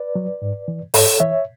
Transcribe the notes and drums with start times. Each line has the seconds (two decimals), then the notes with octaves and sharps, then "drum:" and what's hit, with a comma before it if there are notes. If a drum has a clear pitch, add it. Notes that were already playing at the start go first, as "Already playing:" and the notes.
Already playing: B4 D5
0.15 F#3
0.42 G#2
0.68 E3
0.94 G#2 A4 C#5, drum: open hi-hat
1.20 E3 C#5 E5